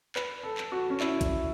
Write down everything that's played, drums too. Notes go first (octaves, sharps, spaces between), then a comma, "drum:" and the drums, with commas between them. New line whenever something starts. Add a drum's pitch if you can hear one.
B4, drum: clap
A4
drum: clap
F#4
C#4
E4, drum: clap
drum: kick A#1, hi-hat